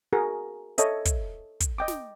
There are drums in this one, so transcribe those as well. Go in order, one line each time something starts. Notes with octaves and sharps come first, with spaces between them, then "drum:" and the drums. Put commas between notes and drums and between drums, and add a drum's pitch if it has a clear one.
F#4 G#4 A#4
A4 C#5 D#5 E5, drum: hi-hat
drum: kick, hi-hat
drum: kick, hi-hat
D#5 G5 D6
drum: snare